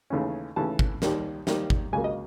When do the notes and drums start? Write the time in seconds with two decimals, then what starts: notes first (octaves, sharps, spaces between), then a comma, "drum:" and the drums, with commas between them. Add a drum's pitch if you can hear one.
0.10 D#2 C#3 E3 A3 C#4
0.56 D#2 C#3 E3 A3 C#4 A5
0.79 drum: kick G#1
1.02 D#2 D#3 G3 A#3, drum: snare
1.47 D#2 D#3 G3 A#3, drum: snare
1.70 drum: kick G#1
1.93 C#2 C#3 F#3 A#3 G#5
2.04 D#5